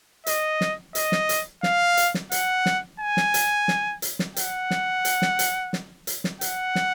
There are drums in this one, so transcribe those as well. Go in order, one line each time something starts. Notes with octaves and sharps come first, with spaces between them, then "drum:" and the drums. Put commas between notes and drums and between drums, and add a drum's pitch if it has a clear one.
D#5, drum: hi-hat
drum: snare
D#5, drum: hi-hat
drum: snare
drum: hi-hat
F5, drum: snare
drum: hi-hat
drum: snare
F#5, drum: hi-hat
drum: snare
G#5
drum: snare
drum: hi-hat
drum: snare
drum: hi-hat
drum: snare
F#5, drum: hi-hat
drum: snare
drum: hi-hat
drum: snare
drum: hi-hat
drum: snare
drum: hi-hat
drum: snare
F#5, drum: hi-hat
drum: snare